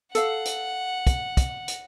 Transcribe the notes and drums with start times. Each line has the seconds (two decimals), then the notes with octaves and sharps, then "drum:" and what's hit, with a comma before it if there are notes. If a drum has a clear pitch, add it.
0.15 A4 F5 F#5, drum: hi-hat
0.45 drum: hi-hat
1.07 drum: kick, hi-hat
1.37 drum: kick, hi-hat
1.68 drum: hi-hat